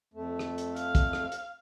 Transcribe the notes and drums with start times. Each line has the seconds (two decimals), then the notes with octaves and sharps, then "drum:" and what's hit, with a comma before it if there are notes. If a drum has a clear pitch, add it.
0.14 F2 A3
0.39 drum: rim click
0.58 drum: hi-hat
0.76 F5, drum: hi-hat
0.95 drum: kick, hi-hat
1.13 drum: rim click
1.32 drum: hi-hat